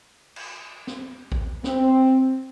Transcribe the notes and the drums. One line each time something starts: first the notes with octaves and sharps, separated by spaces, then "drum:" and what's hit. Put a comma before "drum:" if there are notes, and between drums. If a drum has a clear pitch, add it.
drum: cymbal
drum: snare
drum: kick A#1
C4, drum: snare